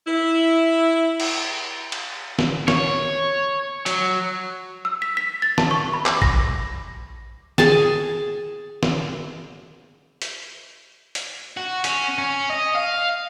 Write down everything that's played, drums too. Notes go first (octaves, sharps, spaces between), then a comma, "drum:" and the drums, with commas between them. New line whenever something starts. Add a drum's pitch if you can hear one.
E4
drum: cymbal
drum: cymbal
drum: snare
C#5, drum: snare
F#3, drum: hi-hat
E6
B6
B6
A6
A5, drum: snare
C#6
B5
D6, drum: clap
A#6, drum: kick A1
G#4 G#5 A5, drum: snare
drum: snare
drum: hi-hat
drum: hi-hat
F#4
C#4, drum: hi-hat
C#4
D#5
F5